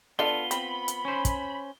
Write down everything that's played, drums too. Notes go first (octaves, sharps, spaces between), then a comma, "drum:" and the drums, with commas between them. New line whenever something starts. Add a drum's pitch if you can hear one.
B3 D4 F4 A4 F5 G7
C4 B5, drum: hi-hat
drum: hi-hat
C#4 C5
drum: kick, hi-hat